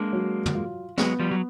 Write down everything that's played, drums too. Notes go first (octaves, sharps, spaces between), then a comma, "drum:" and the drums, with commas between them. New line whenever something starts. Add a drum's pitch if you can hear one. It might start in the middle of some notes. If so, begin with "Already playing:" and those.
Already playing: G#3 A#3 D4
F#3
drum: tom
F4
F#3 G#3 B3, drum: snare
F3 G3
F#3